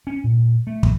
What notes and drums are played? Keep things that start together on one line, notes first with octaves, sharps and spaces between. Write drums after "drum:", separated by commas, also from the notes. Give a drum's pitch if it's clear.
C#4
A#2
A3
drum: kick